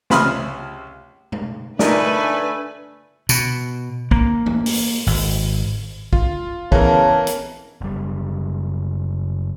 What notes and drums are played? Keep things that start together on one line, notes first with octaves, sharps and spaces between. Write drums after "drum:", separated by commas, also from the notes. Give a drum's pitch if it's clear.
C#2 C3 B5 C6 D#6 F6, drum: snare
drum: tom B2
A3 D4 D#4 A#4 B4 D5 G#5, drum: snare
B2, drum: tambourine
A#3, drum: kick A#1
drum: tom
drum: open hi-hat
G#1, drum: open hi-hat
F4, drum: kick A#1
C#3 E3 B3 A#4 A5, drum: kick A#1
drum: hi-hat
F#1 G3